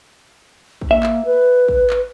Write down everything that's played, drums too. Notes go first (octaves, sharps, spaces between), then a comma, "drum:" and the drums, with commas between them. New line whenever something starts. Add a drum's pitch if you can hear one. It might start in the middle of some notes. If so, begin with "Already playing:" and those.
drum: kick
A#3 E5
drum: clap
B4
drum: kick
drum: clap